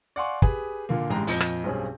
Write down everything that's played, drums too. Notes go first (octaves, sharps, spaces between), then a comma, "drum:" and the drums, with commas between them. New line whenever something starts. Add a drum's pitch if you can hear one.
D5 F5 F#5 G#5 C6 C#6
G4 G#4 B4, drum: kick
A#2 D3 A#3
A1 G2 G#3 G5 A#5
F2 A#2 D#5 G6, drum: open hi-hat
drum: rim click
B1 G2 C4 C#4 G#4